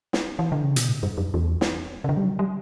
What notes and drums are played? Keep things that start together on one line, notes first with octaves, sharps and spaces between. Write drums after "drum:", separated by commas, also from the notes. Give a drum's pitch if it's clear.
drum: snare
E3
D3
C#3
B2, drum: hi-hat
A2
G2
F#2
E2
drum: snare
C#3
D3
G3
F#3
G3